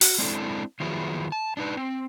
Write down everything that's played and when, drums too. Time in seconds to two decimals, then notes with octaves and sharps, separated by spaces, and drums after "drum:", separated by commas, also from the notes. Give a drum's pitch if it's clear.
0.01 F#4, drum: open hi-hat
0.18 G#3 C4 D4 E4 A4
0.80 D#3 F3 F#3 B3 E4 G#4
1.32 A5
1.57 D4 D#4 B4
1.77 C4